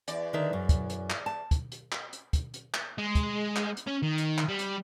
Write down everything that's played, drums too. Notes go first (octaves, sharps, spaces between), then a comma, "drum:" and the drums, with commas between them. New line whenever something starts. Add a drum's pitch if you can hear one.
E2 D5, drum: hi-hat
D3 D#3 E5
F#2
drum: kick, hi-hat
drum: hi-hat
drum: clap
A5
drum: kick, hi-hat
drum: hi-hat
drum: clap
drum: hi-hat
drum: kick, hi-hat
drum: hi-hat
drum: clap
G#3
drum: kick, hi-hat
drum: clap
drum: hi-hat
C#4
D#3
drum: hi-hat
drum: clap
G3
drum: hi-hat